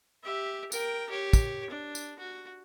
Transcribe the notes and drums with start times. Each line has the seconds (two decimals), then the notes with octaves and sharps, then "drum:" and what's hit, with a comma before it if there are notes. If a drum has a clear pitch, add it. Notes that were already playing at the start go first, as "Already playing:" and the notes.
0.24 G4 E5
0.72 A#4 G5, drum: tambourine
1.09 G4 C#5
1.33 drum: kick, tambourine
1.70 D4
1.95 drum: tambourine
2.19 F#4